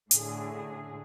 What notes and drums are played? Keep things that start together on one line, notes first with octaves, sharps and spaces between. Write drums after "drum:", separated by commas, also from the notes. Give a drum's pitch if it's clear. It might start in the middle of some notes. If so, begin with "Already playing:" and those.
A2 D3 G#4, drum: hi-hat